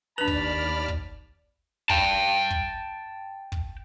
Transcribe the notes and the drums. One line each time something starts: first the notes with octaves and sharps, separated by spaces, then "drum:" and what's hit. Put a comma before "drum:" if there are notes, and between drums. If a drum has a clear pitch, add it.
D#2 D4 B4 D5 A5 B5 F6 F7
drum: kick
drum: kick
G5 A5, drum: kick
drum: kick
drum: kick